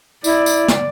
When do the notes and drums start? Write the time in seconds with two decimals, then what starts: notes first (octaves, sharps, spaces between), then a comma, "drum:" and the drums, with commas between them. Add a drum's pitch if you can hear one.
0.24 E4 D5, drum: tambourine
0.46 drum: tambourine
0.68 drum: snare